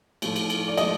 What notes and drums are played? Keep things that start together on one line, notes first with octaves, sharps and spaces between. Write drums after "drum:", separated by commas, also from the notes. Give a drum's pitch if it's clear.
A2 F3 A3, drum: cymbal
drum: cymbal
drum: cymbal
D5
F3 A3 D#5, drum: cymbal